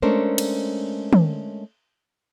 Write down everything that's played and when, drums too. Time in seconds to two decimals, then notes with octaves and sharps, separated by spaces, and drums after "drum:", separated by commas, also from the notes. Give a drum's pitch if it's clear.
0.02 G#3 A3 C#4 D4 A#4 C5
0.38 drum: cymbal
1.13 drum: tom